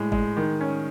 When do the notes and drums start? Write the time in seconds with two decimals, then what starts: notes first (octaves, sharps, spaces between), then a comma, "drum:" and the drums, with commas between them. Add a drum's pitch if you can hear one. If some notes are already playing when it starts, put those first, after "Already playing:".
Already playing: A2 G#3
0.12 G#3, drum: kick G1
0.37 D#3
0.61 C#4